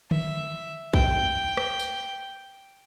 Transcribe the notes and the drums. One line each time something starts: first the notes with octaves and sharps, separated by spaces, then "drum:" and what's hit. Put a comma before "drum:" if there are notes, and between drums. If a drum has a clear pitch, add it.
E5, drum: tom
G5, drum: kick
drum: rim click
drum: tambourine